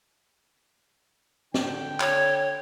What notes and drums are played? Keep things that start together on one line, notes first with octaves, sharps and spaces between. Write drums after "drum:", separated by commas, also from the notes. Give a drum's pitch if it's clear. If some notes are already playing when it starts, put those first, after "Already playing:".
D3 G5, drum: snare
C#5, drum: clap